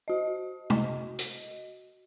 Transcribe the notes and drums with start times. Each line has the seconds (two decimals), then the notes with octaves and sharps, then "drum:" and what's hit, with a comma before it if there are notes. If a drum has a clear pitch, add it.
0.08 F#4 D#5
0.70 drum: tom
1.19 drum: hi-hat